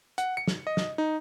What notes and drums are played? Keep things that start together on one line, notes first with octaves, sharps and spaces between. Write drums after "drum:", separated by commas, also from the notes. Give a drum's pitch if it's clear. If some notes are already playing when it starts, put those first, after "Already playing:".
F#5, drum: hi-hat
C#7
drum: snare
D#5
drum: snare
D#4